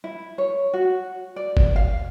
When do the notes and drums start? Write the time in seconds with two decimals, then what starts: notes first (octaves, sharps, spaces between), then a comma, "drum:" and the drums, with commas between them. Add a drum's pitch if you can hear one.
0.04 E4
0.38 C#5
0.74 F#4
1.36 D5
1.57 drum: kick G1
1.76 F5